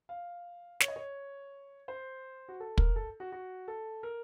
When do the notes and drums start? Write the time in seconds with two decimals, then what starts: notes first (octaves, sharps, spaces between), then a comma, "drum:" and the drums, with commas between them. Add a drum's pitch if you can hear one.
0.09 F5
0.80 C#5, drum: snare
0.88 D#5
0.96 C#5
1.88 C5
2.48 F#4
2.60 A4
2.78 A#4, drum: kick
2.96 A4
3.20 F#4
3.32 F#4
3.68 A4
4.03 A#4